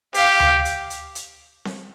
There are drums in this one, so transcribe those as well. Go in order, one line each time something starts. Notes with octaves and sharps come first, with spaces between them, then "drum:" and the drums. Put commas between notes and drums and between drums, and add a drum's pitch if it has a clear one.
G4 F5, drum: hi-hat
drum: tom D2
drum: hi-hat
drum: hi-hat
drum: hi-hat
drum: snare C4